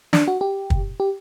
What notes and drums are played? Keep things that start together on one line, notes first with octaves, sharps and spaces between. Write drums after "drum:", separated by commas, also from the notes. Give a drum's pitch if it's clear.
D4, drum: snare
F#4
G4
drum: kick
G4